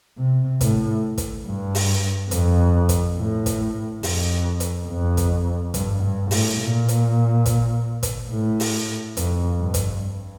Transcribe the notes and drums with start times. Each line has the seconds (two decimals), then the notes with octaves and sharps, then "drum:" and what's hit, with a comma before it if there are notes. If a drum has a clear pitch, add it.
0.18 C3
0.61 A2, drum: kick, hi-hat
1.18 drum: kick, hi-hat
1.46 G2
1.75 drum: open hi-hat
2.31 F2, drum: hi-hat
2.89 drum: kick, hi-hat
3.18 A2
3.46 drum: kick, hi-hat
4.03 F2, drum: open hi-hat
4.60 drum: hi-hat
4.89 F2
5.17 drum: kick, hi-hat
5.74 G2, drum: kick, hi-hat
6.03 G2
6.31 A2, drum: open hi-hat
6.61 A#2
6.88 drum: hi-hat
7.46 drum: kick, hi-hat
8.03 drum: kick, hi-hat
8.31 A2
8.60 drum: open hi-hat
9.17 F2, drum: hi-hat
9.60 G2
9.74 drum: kick, hi-hat
10.02 G2